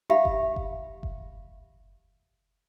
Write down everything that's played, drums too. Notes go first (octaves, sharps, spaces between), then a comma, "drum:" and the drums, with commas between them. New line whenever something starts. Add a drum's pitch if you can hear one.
G4 E5 F5 B5, drum: tom D4
drum: kick F#1
drum: kick F#1
drum: kick F#1